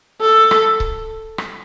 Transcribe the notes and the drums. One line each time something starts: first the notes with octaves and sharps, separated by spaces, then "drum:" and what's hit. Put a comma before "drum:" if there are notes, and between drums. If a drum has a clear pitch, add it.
A4
drum: rim click
drum: kick C#1
drum: rim click